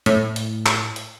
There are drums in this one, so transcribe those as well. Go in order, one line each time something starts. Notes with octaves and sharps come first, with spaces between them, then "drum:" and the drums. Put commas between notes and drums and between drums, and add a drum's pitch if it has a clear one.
A2, drum: hi-hat
drum: hi-hat
drum: clap
drum: hi-hat